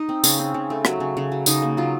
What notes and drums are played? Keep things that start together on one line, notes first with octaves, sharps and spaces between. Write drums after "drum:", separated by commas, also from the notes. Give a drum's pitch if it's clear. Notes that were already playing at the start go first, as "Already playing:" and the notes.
Already playing: D#4
C4
C#3 C#4, drum: tambourine
C4
C#3
A3
F#3, drum: rim click
C#3
C#3
F#3
C#3 D#4, drum: tambourine
A#3
F#3 F4